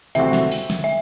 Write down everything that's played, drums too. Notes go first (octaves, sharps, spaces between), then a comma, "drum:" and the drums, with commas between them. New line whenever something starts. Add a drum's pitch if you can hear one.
C3 E3 A3 C4 F#4 E5, drum: hi-hat
drum: snare
drum: open hi-hat
drum: snare
E5